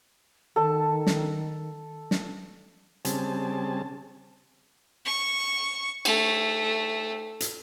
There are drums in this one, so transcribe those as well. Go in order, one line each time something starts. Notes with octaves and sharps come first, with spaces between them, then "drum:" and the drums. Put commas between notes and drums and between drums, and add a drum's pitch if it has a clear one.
D#3 A4 A5
drum: snare
drum: snare
C#3 G3 C4 G#4 A5, drum: hi-hat
C#6
A3, drum: cymbal
drum: hi-hat